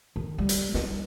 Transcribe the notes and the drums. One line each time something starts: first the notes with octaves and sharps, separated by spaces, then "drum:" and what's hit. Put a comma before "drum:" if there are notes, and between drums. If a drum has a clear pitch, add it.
D#3
G3
drum: hi-hat
E4, drum: snare